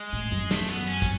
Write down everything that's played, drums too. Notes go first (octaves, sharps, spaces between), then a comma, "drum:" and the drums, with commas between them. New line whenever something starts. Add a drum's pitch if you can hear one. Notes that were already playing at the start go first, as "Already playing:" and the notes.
Already playing: G#3
A2
F#2
A3, drum: snare
B3
C#4
drum: kick, tambourine